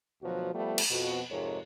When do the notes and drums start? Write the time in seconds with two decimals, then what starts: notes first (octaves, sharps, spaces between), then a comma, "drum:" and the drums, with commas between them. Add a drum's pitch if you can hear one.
0.23 D2 B2 F3 F#3 F#4
0.54 F3 G3 A3 B3
0.78 drum: cymbal
0.91 F2 B2 F#4
1.31 F2 G#2 C3 G#3 A#4 C#5